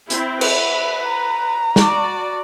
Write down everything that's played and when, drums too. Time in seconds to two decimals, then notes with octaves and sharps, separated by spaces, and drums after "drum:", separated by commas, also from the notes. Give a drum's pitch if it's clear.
0.10 C4 E4, drum: hi-hat
0.41 B4 E5, drum: cymbal
1.07 A#5
1.76 F#4 D5, drum: snare